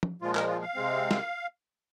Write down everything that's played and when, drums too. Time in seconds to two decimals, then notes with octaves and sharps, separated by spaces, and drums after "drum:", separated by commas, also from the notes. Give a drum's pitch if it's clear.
0.03 drum: tom
0.22 A#2 F3 G#3 F4
0.35 A#4, drum: clap
0.48 F4
0.62 F5
0.75 C3 G#3 C4
1.11 drum: snare